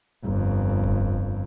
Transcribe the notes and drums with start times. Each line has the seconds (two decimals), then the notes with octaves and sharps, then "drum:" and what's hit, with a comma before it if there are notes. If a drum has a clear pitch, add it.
0.25 G1 F2
0.84 drum: kick E1